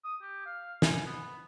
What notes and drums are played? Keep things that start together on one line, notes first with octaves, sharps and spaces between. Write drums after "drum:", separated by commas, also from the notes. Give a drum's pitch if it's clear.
D#6
G4
F5
G#5, drum: snare
B3